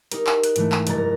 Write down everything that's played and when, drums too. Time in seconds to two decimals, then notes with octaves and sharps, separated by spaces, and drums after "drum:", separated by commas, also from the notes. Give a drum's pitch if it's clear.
0.12 D#4 G4 A#4, drum: hi-hat
0.27 drum: clap
0.44 F#6, drum: hi-hat
0.56 G#2 E3 A3, drum: hi-hat
0.72 drum: clap
0.87 F1 G2 A#4 A#5 A6, drum: hi-hat
0.98 A#5 A#6